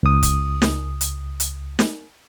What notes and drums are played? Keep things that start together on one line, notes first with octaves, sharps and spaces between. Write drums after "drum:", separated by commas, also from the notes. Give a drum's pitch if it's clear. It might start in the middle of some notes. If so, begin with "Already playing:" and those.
C#2 D#6
drum: kick, hi-hat
drum: snare
drum: hi-hat
drum: hi-hat
drum: snare